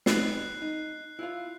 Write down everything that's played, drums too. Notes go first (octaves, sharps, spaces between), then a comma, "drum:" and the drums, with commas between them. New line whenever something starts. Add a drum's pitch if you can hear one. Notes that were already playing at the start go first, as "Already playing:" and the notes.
B3 C4 D#4 F#6 C7, drum: snare
D#4
E4 F4 F5